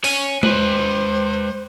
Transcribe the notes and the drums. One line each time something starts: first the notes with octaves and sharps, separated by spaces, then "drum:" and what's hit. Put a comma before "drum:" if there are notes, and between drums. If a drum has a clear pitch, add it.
C#5 G#5, drum: open hi-hat
G#3 B4 C5, drum: tom G#3